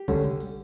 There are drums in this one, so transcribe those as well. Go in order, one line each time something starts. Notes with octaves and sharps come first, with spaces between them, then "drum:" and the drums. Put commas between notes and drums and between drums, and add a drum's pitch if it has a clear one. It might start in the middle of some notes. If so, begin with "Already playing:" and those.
Already playing: G4
D3 G3 C#4, drum: kick, open hi-hat
drum: tom B2
drum: open hi-hat